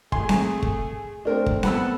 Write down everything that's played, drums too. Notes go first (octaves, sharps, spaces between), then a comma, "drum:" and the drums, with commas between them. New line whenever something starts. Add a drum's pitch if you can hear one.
A3 G#4 G#5 C6, drum: kick
drum: snare C4
drum: kick
A3 C4 D4 A#4
drum: kick
B3 A4 F#5 B5 E6, drum: snare C4